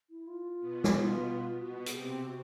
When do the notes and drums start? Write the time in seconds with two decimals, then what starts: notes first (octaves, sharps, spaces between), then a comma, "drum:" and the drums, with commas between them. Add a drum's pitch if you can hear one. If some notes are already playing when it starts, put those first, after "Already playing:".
0.10 E4
0.27 F4
0.60 B2 B3
0.84 drum: snare
0.94 F4
1.59 B2 B3 F#4
1.86 G#4, drum: hi-hat
1.93 C3 C4 G4
2.26 F#4